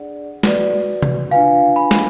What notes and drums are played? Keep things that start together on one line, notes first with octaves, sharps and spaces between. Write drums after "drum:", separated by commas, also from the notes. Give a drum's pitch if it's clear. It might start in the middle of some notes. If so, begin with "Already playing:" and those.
Already playing: D4 G#4 D5 F#5
F#4 B4 D5, drum: snare
drum: tom C3
D4 F4 B4 F5 G#5
G#5 B5
drum: snare